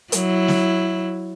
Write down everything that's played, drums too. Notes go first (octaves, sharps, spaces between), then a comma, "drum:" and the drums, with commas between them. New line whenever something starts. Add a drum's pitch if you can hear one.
F#3 E4, drum: hi-hat
drum: snare